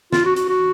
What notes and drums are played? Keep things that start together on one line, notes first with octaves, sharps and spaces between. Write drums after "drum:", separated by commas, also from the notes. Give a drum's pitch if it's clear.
F4, drum: snare
F#4
F#4, drum: hi-hat
F#4